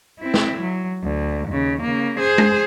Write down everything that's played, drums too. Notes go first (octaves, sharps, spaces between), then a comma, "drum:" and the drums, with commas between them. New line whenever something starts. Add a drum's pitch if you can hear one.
C4 E4
drum: snare
F#3
D2
D#2 C#3
C#3 A#3
G#4 C5
drum: tom G#3